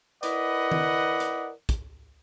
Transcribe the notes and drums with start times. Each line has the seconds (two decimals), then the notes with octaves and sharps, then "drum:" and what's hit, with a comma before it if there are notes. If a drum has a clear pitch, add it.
0.23 E4 A#4 B4 D5 D#5 F#5, drum: hi-hat
0.72 drum: tom D#3
1.20 drum: hi-hat
1.69 drum: kick, hi-hat